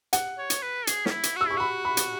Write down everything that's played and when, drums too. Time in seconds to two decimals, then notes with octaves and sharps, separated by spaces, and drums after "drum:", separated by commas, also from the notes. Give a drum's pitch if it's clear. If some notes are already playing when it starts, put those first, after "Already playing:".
0.13 F#5, drum: hi-hat
0.38 C#5
0.50 drum: hi-hat
0.62 B4
0.87 G#4, drum: hi-hat
1.06 C#4, drum: snare
1.11 E4
1.23 drum: hi-hat
1.36 F#4 E6
1.46 E4 C#6
1.57 F#4 B5
1.85 B5
1.97 drum: hi-hat